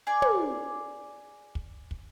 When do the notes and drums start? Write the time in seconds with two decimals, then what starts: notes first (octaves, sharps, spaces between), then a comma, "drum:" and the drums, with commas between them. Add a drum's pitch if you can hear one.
0.07 G#4 D5
0.22 drum: tom
1.55 drum: kick
1.91 drum: kick